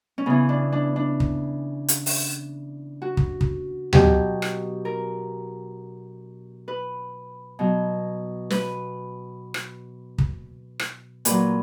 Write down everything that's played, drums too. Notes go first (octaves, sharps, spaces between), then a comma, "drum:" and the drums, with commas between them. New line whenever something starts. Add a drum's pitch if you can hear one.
C#4
C#3 E3 B3
D4
D4
D4
drum: kick
drum: hi-hat
drum: open hi-hat
F#4
drum: kick
drum: kick
B2 F#3 G4, drum: tom D2
drum: rim click
A#4
B4
B2 F#3
B4, drum: snare
drum: rim click
drum: kick
drum: rim click
A#2 F#3 B4, drum: hi-hat